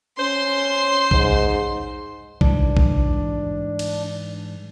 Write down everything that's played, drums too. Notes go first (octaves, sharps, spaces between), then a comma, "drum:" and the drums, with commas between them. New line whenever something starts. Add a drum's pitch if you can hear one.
C#4 C5 C6
G#2, drum: kick
G#2 E3 G3 D4, drum: kick
drum: kick
drum: cymbal